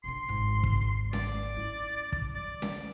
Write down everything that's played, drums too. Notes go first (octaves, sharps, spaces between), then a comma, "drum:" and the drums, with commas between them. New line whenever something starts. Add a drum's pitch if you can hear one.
B2 D3 C6
G#1 G#2
drum: kick
D5, drum: snare C#4
C#4 E4
drum: kick
F#3 D5
drum: snare C#4